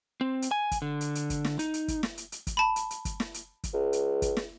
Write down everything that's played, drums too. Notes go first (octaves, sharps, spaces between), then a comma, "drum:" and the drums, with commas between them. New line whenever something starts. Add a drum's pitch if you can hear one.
C4
drum: hi-hat
G#5
drum: kick, hi-hat
D3
drum: hi-hat
drum: hi-hat
drum: kick, hi-hat
drum: snare
D#4, drum: hi-hat
drum: hi-hat
drum: kick, hi-hat
drum: snare
drum: hi-hat
drum: hi-hat
drum: kick, hi-hat
A5 B5
drum: hi-hat
drum: hi-hat
drum: kick, hi-hat
drum: snare
drum: hi-hat
drum: kick, hi-hat
C#2
drum: hi-hat
drum: kick, hi-hat
drum: snare